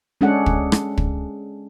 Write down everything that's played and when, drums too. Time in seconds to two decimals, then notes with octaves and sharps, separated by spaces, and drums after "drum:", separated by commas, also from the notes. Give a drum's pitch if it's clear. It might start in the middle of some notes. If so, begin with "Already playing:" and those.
0.21 G#3 C#4 D4 G#4 A4 F#5
0.46 drum: kick
0.72 drum: rim click
0.98 drum: kick